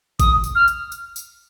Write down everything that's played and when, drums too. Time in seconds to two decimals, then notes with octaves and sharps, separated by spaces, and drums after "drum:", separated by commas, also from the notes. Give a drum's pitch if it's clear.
0.20 D#6, drum: kick, tambourine
0.44 drum: tambourine
0.55 F6
0.68 drum: tambourine
0.92 drum: tambourine
1.16 drum: tambourine